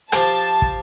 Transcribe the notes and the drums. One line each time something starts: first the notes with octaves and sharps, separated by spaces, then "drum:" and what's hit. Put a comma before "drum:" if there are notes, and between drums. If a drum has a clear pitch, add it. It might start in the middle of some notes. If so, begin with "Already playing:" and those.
F3 G4 C5 A5, drum: rim click
drum: kick